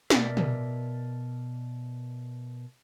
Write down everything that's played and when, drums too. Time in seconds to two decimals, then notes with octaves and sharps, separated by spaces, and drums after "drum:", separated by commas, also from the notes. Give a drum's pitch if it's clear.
0.10 B2 A#4 D5 E5, drum: snare
0.37 drum: tom